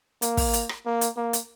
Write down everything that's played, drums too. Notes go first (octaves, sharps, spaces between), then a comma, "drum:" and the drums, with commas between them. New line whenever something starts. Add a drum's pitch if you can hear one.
A#3, drum: hi-hat
drum: kick, open hi-hat
drum: hi-hat
drum: rim click
A#3
drum: hi-hat
A#3
drum: hi-hat